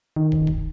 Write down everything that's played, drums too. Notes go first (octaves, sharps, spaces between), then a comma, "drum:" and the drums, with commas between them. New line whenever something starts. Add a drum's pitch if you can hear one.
D#3
drum: kick
drum: kick